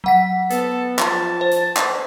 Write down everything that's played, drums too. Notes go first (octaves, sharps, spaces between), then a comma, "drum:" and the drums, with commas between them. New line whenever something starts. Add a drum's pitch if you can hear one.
F#3 F#5 B6
B3 A4, drum: hi-hat
F3 A5, drum: clap
C5
drum: hi-hat
drum: clap